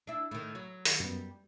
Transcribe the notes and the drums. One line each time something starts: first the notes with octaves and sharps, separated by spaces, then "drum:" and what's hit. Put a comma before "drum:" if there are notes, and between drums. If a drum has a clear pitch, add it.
D4 E4
A2 D#3
F#3
D#3, drum: open hi-hat
F#2 G3 B3